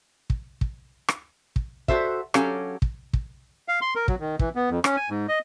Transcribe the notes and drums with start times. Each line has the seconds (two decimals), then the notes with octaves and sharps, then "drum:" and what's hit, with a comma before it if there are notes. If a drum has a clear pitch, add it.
0.30 drum: kick
0.61 drum: kick
1.08 drum: rim click
1.56 drum: kick
1.88 F#4 A4 C5 E5, drum: kick
2.34 F#3 C#4 G4 A4 F5, drum: rim click
2.82 drum: kick
3.13 drum: kick
3.68 F5
3.82 C6
3.96 A#4
4.08 F#3, drum: kick
4.20 D#3
4.39 E3, drum: kick
4.55 B3
4.70 F2
4.84 C#4, drum: rim click
4.97 G#5
5.10 G#2
5.29 D#5